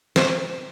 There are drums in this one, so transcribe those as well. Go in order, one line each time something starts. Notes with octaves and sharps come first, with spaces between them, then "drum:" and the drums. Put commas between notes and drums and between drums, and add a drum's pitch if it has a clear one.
C5, drum: snare